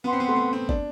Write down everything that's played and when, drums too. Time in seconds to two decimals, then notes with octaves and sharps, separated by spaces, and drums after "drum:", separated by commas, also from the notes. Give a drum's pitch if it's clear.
0.04 B3 B4 F#5 C6
0.13 C4
0.20 B3
0.28 A3
0.37 B3
0.53 C4
0.69 D4, drum: kick